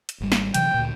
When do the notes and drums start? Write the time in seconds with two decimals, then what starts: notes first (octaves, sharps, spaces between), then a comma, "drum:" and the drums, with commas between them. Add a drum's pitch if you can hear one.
0.09 drum: hi-hat
0.20 G#1 G3
0.32 drum: snare
0.54 C3 E3 F#3 G5, drum: hi-hat
0.74 D2 A#2